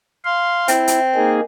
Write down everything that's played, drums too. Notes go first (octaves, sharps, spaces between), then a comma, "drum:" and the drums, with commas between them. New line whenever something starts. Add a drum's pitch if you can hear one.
F5 C6
C4 E4, drum: hi-hat
drum: hi-hat
A#3 D#4 G#4